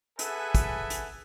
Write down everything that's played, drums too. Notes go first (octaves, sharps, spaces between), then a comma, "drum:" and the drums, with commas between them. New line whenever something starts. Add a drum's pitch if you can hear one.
G#4 A4 B4 E5 F#5 G#5, drum: hi-hat
drum: kick, hi-hat
drum: hi-hat